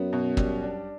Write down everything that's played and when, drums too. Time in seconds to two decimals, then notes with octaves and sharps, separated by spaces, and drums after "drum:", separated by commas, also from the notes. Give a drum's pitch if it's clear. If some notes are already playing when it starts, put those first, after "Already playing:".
Already playing: F#2 B3
0.13 B2
0.37 G3, drum: kick
0.63 D4